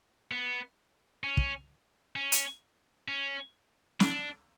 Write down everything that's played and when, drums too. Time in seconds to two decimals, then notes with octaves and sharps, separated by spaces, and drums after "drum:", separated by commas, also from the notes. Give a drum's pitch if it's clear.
0.32 B3
1.24 C#4
1.37 drum: kick
2.16 C#4
2.32 drum: hi-hat
3.08 C#4
4.00 D4, drum: snare